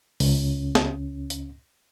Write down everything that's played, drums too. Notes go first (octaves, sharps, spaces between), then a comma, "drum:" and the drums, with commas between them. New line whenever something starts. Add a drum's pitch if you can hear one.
C#2 C#4, drum: open hi-hat
drum: snare
drum: hi-hat